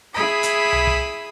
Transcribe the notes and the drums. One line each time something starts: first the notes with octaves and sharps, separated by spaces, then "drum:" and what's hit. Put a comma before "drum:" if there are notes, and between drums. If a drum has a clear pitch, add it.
E4 G#4 B5 D#6
drum: hi-hat
drum: tom C2
drum: kick